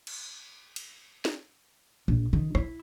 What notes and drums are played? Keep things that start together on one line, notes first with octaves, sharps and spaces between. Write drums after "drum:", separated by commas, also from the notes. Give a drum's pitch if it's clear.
drum: cymbal
drum: cymbal
drum: snare
A#1
D#3, drum: tom C3
E4, drum: rim click